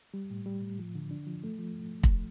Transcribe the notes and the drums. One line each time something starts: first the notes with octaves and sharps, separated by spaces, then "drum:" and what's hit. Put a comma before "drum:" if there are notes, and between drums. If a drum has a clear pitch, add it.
G3
A2
G3
A2
F3
D3
D4
F3
A3
F3
drum: kick